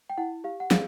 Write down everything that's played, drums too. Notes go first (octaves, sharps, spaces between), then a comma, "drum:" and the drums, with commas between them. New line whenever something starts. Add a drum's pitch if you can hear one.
G5
E4 F#5
G4 F5
F#5
G#4 F5, drum: snare